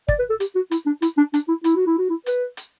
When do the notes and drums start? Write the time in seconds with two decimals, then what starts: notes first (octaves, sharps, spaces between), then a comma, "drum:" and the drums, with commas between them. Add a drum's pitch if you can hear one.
0.08 D5, drum: kick
0.19 B4
0.30 A4
0.40 G4, drum: hi-hat
0.55 F#4
0.71 E4, drum: hi-hat
0.86 D4
1.02 E4, drum: hi-hat
1.17 D4
1.34 D4, drum: hi-hat
1.48 E4
1.64 E4, drum: hi-hat
1.76 F#4
1.87 E4
1.98 F#4
2.10 E4
2.26 B4, drum: hi-hat
2.57 drum: hi-hat